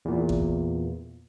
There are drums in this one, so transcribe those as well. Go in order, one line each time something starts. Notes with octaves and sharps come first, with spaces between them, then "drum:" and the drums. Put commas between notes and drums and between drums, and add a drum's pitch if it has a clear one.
E2 A#2
drum: kick A1